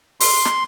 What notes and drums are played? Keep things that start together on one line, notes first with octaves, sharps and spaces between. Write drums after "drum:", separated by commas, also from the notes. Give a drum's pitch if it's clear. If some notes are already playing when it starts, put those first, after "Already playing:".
C6, drum: open hi-hat
drum: snare